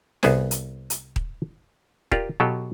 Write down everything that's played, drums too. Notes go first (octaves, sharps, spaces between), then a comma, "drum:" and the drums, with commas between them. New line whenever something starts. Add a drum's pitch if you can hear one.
C2 B3 G#4 C5 G#5, drum: snare
drum: hi-hat
drum: hi-hat
drum: kick D#1
F4 G4 A#4 D5, drum: kick D#1
B2 F#3 F4 G4 A4